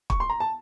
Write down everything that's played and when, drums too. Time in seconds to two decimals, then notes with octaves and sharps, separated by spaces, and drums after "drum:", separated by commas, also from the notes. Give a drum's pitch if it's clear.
0.10 C#6, drum: kick
0.20 C6
0.30 A#5
0.40 A5